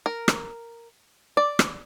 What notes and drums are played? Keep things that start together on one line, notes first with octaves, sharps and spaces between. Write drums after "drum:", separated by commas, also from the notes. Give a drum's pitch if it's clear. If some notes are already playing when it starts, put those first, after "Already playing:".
A#4
drum: rim click
D5
drum: rim click